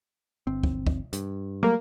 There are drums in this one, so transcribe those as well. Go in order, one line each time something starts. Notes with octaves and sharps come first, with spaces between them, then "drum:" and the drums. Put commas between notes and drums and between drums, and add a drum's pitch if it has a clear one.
G1 C4
drum: kick
drum: kick
G2, drum: hi-hat
F#3 G3 A3 A#3 A#4